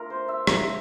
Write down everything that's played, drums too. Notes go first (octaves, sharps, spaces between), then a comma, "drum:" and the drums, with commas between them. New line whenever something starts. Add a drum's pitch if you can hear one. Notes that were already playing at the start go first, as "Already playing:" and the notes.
Already playing: A3 D4 F4 A#4
C5
E5
A3 D4 F4 A#5, drum: rim click